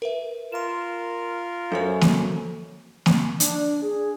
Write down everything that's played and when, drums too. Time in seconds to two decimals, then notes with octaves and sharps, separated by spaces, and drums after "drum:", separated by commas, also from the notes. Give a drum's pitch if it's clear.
0.02 A#4 B4 E5
0.52 F4 A#4 C6 E7
1.72 F#2 A4 C5 C#5
2.01 drum: snare A#3
3.06 drum: snare A#3
3.40 D4, drum: hi-hat
3.81 G#4